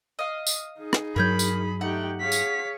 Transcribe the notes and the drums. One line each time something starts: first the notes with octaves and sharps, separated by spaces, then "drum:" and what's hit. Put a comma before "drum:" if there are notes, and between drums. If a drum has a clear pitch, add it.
D#5 F5
drum: tambourine
D#4 G#4
drum: rim click
G2 F#3 A#4 C#5 B5 G6
drum: tambourine
A3 D#4 G4 F#5 G5
G#4 C#5 F5 B6
drum: tambourine